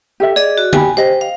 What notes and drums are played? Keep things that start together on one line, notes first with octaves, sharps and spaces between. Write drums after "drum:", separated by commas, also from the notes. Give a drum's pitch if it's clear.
G4 A4 E5
G#4 D5 D#5
F#4
G4 G#5 B5, drum: tom D3
G4 C5 D#5
F5